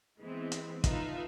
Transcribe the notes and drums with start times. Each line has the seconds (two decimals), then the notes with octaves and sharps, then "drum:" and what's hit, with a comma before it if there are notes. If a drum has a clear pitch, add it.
0.21 E3 G#3 B3 C4
0.52 drum: hi-hat
0.84 D#4 F4 A4 B4 E5 F5, drum: kick, hi-hat